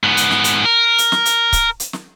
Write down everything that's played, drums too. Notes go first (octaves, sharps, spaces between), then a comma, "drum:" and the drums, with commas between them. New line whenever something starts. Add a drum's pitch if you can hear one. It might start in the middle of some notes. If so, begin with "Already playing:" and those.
G#2 B3
drum: hi-hat
drum: snare
drum: hi-hat
A#4
drum: hi-hat
drum: snare
drum: hi-hat
drum: kick C#1, hi-hat
drum: hi-hat
drum: snare